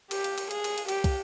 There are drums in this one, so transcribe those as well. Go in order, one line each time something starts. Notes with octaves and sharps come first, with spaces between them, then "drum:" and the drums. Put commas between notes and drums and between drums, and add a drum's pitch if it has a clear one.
G4, drum: cymbal
drum: cymbal
drum: cymbal
G#4, drum: cymbal
drum: cymbal
drum: cymbal
G4, drum: cymbal
drum: kick, cymbal